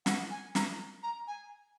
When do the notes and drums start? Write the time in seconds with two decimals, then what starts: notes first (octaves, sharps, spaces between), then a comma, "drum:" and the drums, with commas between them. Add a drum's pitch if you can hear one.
0.06 F#5, drum: snare
0.31 G#5
0.55 A#5, drum: snare
1.03 A#5
1.27 G#5